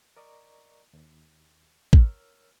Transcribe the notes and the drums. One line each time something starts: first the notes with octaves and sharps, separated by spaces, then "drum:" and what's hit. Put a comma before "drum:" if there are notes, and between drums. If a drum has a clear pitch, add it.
A#4 D5 D#5 A#5 C#6
D#2
A#4 C#5 E6 F6, drum: kick